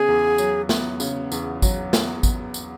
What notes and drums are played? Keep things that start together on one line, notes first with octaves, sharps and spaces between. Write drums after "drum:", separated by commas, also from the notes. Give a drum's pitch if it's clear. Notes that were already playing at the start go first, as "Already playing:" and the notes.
Already playing: C#3 B3 G#4
E2
F#3, drum: tambourine
B3, drum: snare
C#3, drum: tambourine
E2, drum: tambourine
F#3, drum: kick, tambourine
B3, drum: snare
drum: kick, tambourine
drum: tambourine